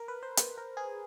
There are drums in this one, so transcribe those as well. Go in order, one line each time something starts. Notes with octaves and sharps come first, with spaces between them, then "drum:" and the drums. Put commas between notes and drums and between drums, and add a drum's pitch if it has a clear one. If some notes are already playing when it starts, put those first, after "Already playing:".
Already playing: A#4
B4
C5
B4, drum: hi-hat
A#4
G#4